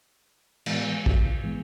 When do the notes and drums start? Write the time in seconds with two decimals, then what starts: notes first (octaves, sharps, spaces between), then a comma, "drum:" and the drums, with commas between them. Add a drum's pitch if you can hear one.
0.66 A2 E3 G#3 B3, drum: cymbal
1.06 drum: kick
1.42 A2 E3 G#3 B3